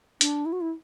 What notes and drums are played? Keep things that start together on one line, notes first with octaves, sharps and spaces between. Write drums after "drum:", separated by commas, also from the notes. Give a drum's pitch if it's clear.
D4, drum: hi-hat
E4
F#4
E4